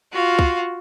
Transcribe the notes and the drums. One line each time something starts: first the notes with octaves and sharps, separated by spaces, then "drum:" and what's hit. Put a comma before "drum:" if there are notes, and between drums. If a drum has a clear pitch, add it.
F4 F#4 F5
drum: kick